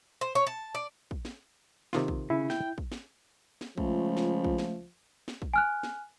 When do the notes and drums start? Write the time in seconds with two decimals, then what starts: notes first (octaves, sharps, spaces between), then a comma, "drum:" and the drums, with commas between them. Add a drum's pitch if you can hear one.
0.21 C5
0.35 C#5
0.47 A5
0.75 D5
1.11 drum: kick
1.25 drum: snare
1.93 C3 D#3 F4, drum: snare
2.08 drum: kick
2.30 C#3 E4
2.50 G5, drum: snare
2.78 drum: kick
2.92 drum: snare
3.61 drum: snare
3.78 C#2 F3 A3, drum: kick
4.17 drum: snare
4.44 drum: kick
4.58 drum: snare
5.28 drum: snare
5.42 drum: kick
5.54 G#5 F6 F#6
5.83 drum: snare